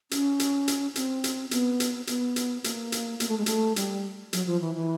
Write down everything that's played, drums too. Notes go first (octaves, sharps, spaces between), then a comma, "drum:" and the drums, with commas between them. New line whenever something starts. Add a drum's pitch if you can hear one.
C#4, drum: hi-hat
drum: hi-hat
drum: hi-hat
C4, drum: hi-hat
drum: hi-hat
B3, drum: hi-hat
drum: hi-hat
B3, drum: hi-hat
drum: hi-hat
A#3, drum: hi-hat
drum: hi-hat
A#3, drum: hi-hat
A3
G#3
A3, drum: hi-hat
G3, drum: hi-hat
F#3, drum: hi-hat
F3
E3
E3